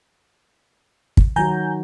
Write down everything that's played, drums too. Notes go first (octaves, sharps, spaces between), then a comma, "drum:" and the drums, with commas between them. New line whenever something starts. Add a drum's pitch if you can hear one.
drum: kick
D#3 F#3 F#4 G#5 A#5 G6